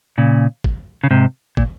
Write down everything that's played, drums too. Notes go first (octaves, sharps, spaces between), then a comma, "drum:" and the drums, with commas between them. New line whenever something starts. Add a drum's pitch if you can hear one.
A#2 C#3
drum: kick
C#3
G#2 C3
A#2, drum: kick